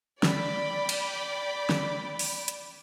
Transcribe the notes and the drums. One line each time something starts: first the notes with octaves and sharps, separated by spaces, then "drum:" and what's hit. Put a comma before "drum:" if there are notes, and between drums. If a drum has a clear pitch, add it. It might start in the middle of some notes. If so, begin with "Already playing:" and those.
D5 G5 B5 D6, drum: snare
drum: cymbal
drum: snare
drum: open hi-hat
drum: hi-hat